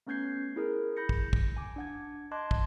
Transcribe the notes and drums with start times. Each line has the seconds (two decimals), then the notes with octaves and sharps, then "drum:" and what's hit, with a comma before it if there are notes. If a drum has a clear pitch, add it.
0.07 A3 B3 C#4 G6 G#6 C7
0.56 E4 G#4 A#4
0.97 B5 G6 A#6 C#7
1.09 drum: kick
1.33 drum: kick
1.57 G#5 D6
1.76 D4 F#5 G#6
2.31 D#5 A5 C6 D6 F#6 G#6
2.51 drum: kick